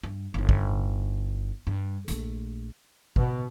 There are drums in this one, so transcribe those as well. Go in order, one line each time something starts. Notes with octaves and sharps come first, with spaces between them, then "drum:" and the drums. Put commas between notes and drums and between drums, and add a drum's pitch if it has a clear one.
G2
G1 D#4
drum: kick
G2
A#1 A3, drum: hi-hat
B2, drum: kick